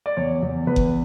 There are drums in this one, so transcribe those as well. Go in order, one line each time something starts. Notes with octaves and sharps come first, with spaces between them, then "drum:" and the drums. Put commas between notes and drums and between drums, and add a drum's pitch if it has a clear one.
D5
E2 C#5
E2
E2 B4
drum: kick F#1